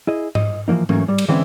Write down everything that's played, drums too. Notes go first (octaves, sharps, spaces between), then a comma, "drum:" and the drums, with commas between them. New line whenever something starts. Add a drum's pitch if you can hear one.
E4 G#4 D#5
D#5, drum: tom G#2
E3 F3 G3 A#3 D#4
E3 F#3 A3 A#3 C#4, drum: tom G#2
G3
drum: cymbal
D3 E3 G#3 C4 C#4 E4